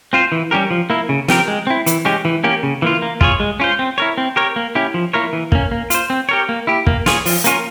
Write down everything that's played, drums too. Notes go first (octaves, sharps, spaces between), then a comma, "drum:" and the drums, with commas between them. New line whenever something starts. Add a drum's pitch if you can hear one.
C4 F4 C5
E3
G3 C#4 G4 A#4
F3
A#3 E4
C#3
F3 C4 G4 A#4, drum: snare
G#3
C4 E4
E3, drum: hi-hat
G#3 C#4 G4
E3
A#3 C#4 G4
C#3
E3 A#3 F4
A#3
F4 G#4 C#5, drum: kick
G#3
C#4 F4 C5
C4
E4 A#4 C#5
C4
G4 A#4 C#5
A#3
C#4 E4 G4
F3
A#3 E4 A#4 C#5
E3
A#3 C#4, drum: kick
A#3
F4 C5, drum: hi-hat
C4
G4 A#4 C#5
A#3
E4 G4
A#3, drum: kick
F4 G#4 C#5, drum: snare
F3, drum: open hi-hat
A#3 C#4 F4 A#4, drum: hi-hat